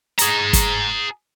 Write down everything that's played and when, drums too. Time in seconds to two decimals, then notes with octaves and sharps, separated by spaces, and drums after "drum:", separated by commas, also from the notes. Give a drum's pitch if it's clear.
0.18 G#4 A#5, drum: hi-hat
0.53 drum: kick, hi-hat